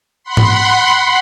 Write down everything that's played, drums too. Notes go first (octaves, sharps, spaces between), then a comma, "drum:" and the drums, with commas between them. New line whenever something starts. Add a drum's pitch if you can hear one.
F#5 B5 C6
drum: tom G#2